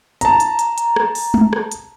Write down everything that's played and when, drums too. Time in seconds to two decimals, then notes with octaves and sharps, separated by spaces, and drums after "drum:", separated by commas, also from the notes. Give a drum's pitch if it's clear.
0.21 A5 A#5, drum: hi-hat
0.40 drum: hi-hat
0.59 drum: hi-hat
0.78 drum: hi-hat
0.96 drum: rim click
1.15 drum: open hi-hat
1.34 drum: tom G#3
1.53 drum: rim click
1.72 drum: hi-hat